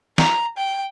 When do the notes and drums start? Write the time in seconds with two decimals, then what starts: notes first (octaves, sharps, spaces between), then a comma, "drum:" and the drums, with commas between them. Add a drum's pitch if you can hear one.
0.18 A#5, drum: snare
0.58 G5